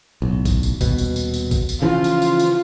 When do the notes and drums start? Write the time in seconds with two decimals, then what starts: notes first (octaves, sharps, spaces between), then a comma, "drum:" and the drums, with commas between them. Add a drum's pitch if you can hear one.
0.22 D1 B1
0.45 drum: kick A1, tambourine
0.63 drum: tambourine
0.81 D#1 B2, drum: kick A1, tambourine
0.98 drum: tambourine
1.16 drum: tambourine
1.34 drum: tambourine
1.51 drum: kick A1, tambourine
1.69 drum: tambourine
1.82 C#3 E3 F3 F4
2.04 drum: tambourine
2.22 drum: tambourine
2.39 drum: tambourine